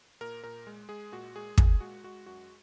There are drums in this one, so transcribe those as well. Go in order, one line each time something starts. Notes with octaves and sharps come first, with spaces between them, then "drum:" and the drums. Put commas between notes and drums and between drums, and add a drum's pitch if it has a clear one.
A#2 A#4
A#2 A#4
G#3
G#3 G#4
A#2 F#4
G#3 G#4
A#2 G#4, drum: kick
G#3 F#4
G#3 F#4
F#2 F#4